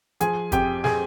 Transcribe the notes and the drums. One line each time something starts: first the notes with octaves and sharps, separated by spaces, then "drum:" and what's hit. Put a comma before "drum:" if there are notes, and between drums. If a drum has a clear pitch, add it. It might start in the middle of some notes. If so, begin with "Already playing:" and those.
F3 G#4 G#5, drum: hi-hat
F2 G4 G5, drum: kick, hi-hat
G#4 G#5, drum: snare